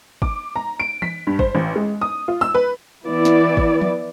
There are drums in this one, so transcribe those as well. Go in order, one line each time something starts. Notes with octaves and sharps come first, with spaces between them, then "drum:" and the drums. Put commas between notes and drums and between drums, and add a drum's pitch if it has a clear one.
D6, drum: kick
A#5
D7
B6, drum: tom E3
G2
C5, drum: kick
A1
G#3
D#6
F4
E6
B4
E3 B3 E4 D5
drum: snare
drum: kick
drum: tom F3